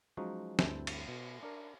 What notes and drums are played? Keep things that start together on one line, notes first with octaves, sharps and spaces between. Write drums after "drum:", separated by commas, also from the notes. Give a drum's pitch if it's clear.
F3 F#3 G#3 C#4 D#4 F#4
D2 G2 C4 E4 G5 A5, drum: snare
drum: cymbal
B2
D4 A#4